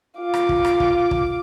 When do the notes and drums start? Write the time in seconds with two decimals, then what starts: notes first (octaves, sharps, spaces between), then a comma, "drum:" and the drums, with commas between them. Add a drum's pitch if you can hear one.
0.18 F4 D6
0.34 drum: rim click
0.49 drum: kick
0.65 drum: rim click
0.80 drum: kick
1.11 drum: kick